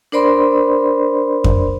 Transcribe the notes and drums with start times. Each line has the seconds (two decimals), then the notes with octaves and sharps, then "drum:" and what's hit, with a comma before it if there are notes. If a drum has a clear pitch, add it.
0.12 D4 A#4 C5 D5 B5 C6
1.44 drum: kick F2